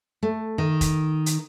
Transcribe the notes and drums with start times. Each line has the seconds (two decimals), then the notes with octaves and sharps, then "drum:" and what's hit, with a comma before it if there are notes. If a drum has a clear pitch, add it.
0.23 A3
0.58 D#3
0.81 drum: kick F1, hi-hat
1.26 drum: hi-hat